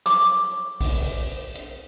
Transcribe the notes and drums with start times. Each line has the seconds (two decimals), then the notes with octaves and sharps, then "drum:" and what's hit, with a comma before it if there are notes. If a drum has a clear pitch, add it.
0.06 C#6 D6, drum: hi-hat
0.81 drum: kick A#1, open hi-hat
1.55 drum: hi-hat